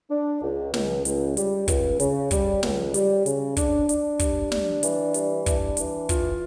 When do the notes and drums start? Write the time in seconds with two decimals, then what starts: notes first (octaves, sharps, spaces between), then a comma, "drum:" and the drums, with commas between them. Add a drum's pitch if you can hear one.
0.11 D4
0.42 C#2
0.74 C#2, drum: snare
1.05 C#2, drum: hi-hat
1.37 G3, drum: hi-hat
1.68 C#2, drum: kick, hi-hat
2.00 C#3, drum: hi-hat
2.31 G3, drum: kick, hi-hat
2.63 C#2, drum: snare
2.94 G3, drum: hi-hat
3.26 C#3, drum: hi-hat
3.57 D4, drum: kick, hi-hat
3.89 D4, drum: hi-hat
4.19 G3, drum: kick, hi-hat
4.52 D4, drum: snare
4.83 E3, drum: hi-hat
5.14 G3, drum: hi-hat
5.46 D4, drum: kick, hi-hat
5.77 E3, drum: hi-hat
6.09 F4, drum: kick, hi-hat